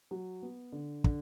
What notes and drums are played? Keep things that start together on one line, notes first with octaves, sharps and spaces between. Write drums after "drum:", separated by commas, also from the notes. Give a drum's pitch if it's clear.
F#3
B3
D3
D3, drum: kick